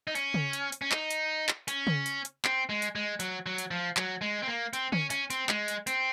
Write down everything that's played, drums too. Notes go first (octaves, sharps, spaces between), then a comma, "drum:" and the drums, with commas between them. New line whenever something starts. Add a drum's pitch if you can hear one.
D#4
C#4, drum: hi-hat
drum: tom C#3
drum: hi-hat
drum: hi-hat
C#4
D#4, drum: clap
drum: hi-hat
drum: clap
C#4, drum: hi-hat
drum: tom C#3
drum: hi-hat
drum: hi-hat
C4, drum: clap
G#3
drum: hi-hat
G#3
F#3, drum: hi-hat
F#3
drum: hi-hat
F3
F#3, drum: clap
G#3
C4
A#3
C4, drum: hi-hat
C#4, drum: tom D3
C#4, drum: hi-hat
C4, drum: hi-hat
G#3, drum: clap
drum: hi-hat
C4, drum: hi-hat